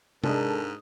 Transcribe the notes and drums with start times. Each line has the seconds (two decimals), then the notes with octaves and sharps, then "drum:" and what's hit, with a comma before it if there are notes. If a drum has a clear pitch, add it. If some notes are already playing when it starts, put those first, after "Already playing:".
0.24 G#2 G#3 D4 A4 A#4 D#6, drum: tom C3